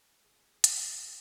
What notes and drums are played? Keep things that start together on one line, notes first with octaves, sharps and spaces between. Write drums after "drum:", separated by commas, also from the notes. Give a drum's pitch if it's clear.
G1 G#4 D#6
drum: hi-hat